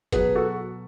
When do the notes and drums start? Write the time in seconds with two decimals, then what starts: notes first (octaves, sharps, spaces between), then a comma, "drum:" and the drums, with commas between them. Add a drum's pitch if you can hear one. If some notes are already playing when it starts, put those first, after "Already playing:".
0.12 B2 F#3 G#4 B4, drum: kick F#1, hi-hat
0.35 F#4 A4